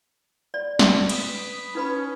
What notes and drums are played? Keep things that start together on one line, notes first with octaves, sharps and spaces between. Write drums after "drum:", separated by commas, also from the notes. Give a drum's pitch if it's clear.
D5
drum: snare
B4 B5 D#6, drum: cymbal
C#4 D#4 B4 B5